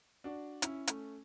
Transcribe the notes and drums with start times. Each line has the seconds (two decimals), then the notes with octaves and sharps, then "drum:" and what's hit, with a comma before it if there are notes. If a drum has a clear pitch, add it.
0.24 D4 F#4
0.62 C#4 E4, drum: hi-hat
0.87 A3 C#4, drum: hi-hat